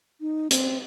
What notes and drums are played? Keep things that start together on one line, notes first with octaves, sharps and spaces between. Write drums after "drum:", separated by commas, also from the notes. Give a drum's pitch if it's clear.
D#4
C4, drum: hi-hat